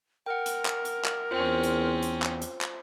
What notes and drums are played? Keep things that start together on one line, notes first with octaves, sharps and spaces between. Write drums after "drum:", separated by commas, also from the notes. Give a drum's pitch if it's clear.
A#4 F#5 G5
drum: hi-hat
drum: clap
drum: hi-hat
drum: clap
E2 C4 C#4 F4 C5
drum: hi-hat
drum: hi-hat
drum: clap
drum: hi-hat
drum: clap